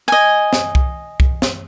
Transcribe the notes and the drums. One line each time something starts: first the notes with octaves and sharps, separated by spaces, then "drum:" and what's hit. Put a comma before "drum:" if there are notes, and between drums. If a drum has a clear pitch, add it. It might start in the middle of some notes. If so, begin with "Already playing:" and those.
D#5 G#5
drum: snare
drum: kick C2
drum: kick C2
drum: snare